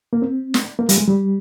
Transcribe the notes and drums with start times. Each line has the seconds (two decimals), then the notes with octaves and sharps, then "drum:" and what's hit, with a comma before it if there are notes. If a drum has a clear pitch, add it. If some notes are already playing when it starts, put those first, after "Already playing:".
0.13 A#3
0.22 C4
0.54 drum: snare
0.79 A#3
0.89 G3, drum: hi-hat
0.98 G#3
1.08 G3